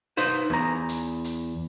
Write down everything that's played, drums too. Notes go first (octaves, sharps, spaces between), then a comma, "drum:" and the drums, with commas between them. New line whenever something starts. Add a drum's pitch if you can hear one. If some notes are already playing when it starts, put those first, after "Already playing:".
D#4 B4 C5, drum: hi-hat
E2 A#5
drum: hi-hat
drum: hi-hat